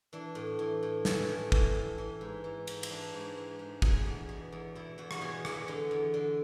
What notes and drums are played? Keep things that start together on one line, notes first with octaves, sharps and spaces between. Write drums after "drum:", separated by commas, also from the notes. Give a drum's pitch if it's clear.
E3 D4
A2
E3
A2
E3 C#4, drum: snare
A2
E3, drum: kick
A2
E3
G#2
E3
G#2, drum: cymbal
E4, drum: cymbal
E3 D4
G#2
E3
G#2
B2 G#4, drum: kick
E2
B2
E2
B2 E4
E2 F#4
drum: rim click
B2 G#4
E2, drum: rim click
D3
E2
D3